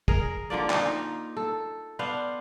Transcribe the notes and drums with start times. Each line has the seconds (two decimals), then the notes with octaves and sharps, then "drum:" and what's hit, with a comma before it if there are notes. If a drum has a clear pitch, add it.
0.08 G#4 A#4, drum: kick
0.50 D3 F3 A#3 D5
0.70 D#4 F4, drum: clap
1.37 A4
1.99 B3 D4 C5 F5